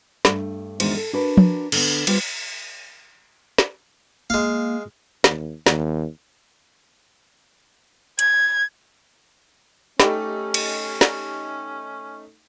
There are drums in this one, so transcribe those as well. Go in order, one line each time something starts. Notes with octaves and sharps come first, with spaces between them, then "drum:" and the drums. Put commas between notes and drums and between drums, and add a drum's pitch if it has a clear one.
G2 A3, drum: snare
E2 D#3 G#3 D4 F#4 C5, drum: cymbal
A4
D4 F#4 A#4 B4
drum: tom
D3 B3, drum: cymbal
G3 F4 G4 B4 C5, drum: cymbal
drum: snare
G#3 A#3 F5
D#2, drum: snare
D#2, drum: snare
G#6, drum: hi-hat
A3 C#4 D#4 G4 A4, drum: snare
drum: cymbal
drum: snare